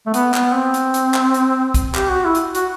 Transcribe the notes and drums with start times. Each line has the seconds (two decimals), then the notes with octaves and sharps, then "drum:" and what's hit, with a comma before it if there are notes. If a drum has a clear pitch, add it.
0.06 A3
0.14 B3, drum: hi-hat
0.34 B3, drum: clap
0.53 C4
0.74 drum: hi-hat
0.94 drum: hi-hat
1.14 drum: clap
1.34 drum: hi-hat
1.74 drum: kick, hi-hat
1.95 G4, drum: clap
2.10 F#4
2.25 E4
2.35 drum: hi-hat
2.55 F#4, drum: hi-hat